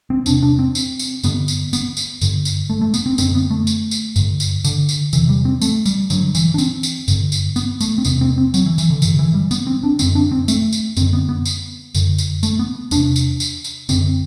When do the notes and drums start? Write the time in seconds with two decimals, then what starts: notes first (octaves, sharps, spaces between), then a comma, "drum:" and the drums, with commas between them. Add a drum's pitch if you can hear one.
0.10 C4
0.26 E2 C3 D4, drum: tambourine
0.43 D4
0.59 C4
0.75 drum: tambourine
0.99 drum: tambourine
1.24 G2 D3 B3, drum: tambourine
1.48 drum: tambourine
1.73 B3, drum: tambourine
1.97 drum: tambourine
2.21 G2 D3, drum: tambourine
2.45 drum: tambourine
2.70 A3
2.81 A3
2.94 B3, drum: tambourine
3.06 C4
3.18 F#2 D3 C4, drum: tambourine
3.35 B3
3.51 A3
3.67 drum: tambourine
3.91 drum: tambourine
4.16 G2 D3, drum: tambourine
4.40 drum: tambourine
4.64 D3, drum: tambourine
4.89 drum: tambourine
5.13 E2 C3 E3, drum: tambourine
5.29 G3
5.45 C4
5.61 A3, drum: tambourine
5.86 G3, drum: tambourine
6.10 G2 D3 F#3, drum: tambourine
6.35 E3, drum: tambourine
6.54 D4
6.58 C4, drum: tambourine
6.83 drum: tambourine
7.08 G2 D3, drum: tambourine
7.32 drum: tambourine
7.56 B3, drum: tambourine
7.81 A3, drum: tambourine
7.98 C4
8.05 E2 C3 B3, drum: tambourine
8.21 C4
8.38 C4
8.54 F#3, drum: tambourine
8.66 E3
8.78 E3, drum: tambourine
8.90 D3
9.02 G2 D3 E3, drum: tambourine
9.19 E3
9.34 G3
9.51 B3, drum: tambourine
9.67 C4
9.83 D4
9.99 F#2 D3 C4, drum: tambourine
10.15 D4
10.32 C4
10.48 A3, drum: tambourine
10.72 drum: tambourine
10.97 F#2 D3 C4, drum: tambourine
11.13 B3
11.29 B3
11.45 drum: tambourine
11.95 F#2 D3, drum: tambourine
12.18 drum: tambourine
12.43 A3, drum: tambourine
12.59 B3
12.91 E2 C3 D4, drum: tambourine
13.16 drum: tambourine
13.40 drum: tambourine
13.64 drum: tambourine
13.89 F#2 D3 C4, drum: tambourine